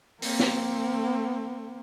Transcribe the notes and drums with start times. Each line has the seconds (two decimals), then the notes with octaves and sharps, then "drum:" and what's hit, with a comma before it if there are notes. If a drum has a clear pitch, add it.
0.22 A#3 C4, drum: open hi-hat
0.39 drum: snare